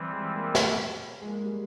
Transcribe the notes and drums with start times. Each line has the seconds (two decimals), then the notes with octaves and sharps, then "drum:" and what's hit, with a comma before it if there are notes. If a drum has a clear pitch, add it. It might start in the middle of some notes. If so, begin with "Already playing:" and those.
Already playing: E3 G3 C4
0.13 G#3
0.36 A#3
0.55 drum: snare
1.22 G#3
1.28 A#3
1.44 G3